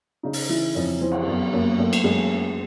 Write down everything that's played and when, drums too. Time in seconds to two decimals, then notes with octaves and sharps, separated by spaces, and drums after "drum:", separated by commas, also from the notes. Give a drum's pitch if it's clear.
0.23 C#3 D#4
0.33 drum: open hi-hat
0.49 E3 E4
0.75 F2 C#4
1.01 E3 C4
1.12 drum: cymbal
1.27 F#2 B3
1.53 F#2 A#3
1.78 F#2 A3
1.93 drum: cymbal
2.04 F#2 G#3